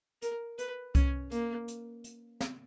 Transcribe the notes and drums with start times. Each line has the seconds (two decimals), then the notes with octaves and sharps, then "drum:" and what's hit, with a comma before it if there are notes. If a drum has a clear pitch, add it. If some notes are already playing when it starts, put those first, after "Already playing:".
0.22 A#4, drum: hi-hat
0.59 B4, drum: hi-hat
0.95 C#4, drum: kick C2, hi-hat
1.31 A#3, drum: hi-hat
1.68 drum: hi-hat
2.04 drum: hi-hat
2.40 drum: snare